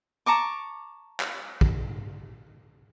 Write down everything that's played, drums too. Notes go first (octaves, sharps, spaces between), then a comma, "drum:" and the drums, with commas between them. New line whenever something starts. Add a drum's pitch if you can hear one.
A5 A#5 C#6 D6
drum: clap
drum: kick A#1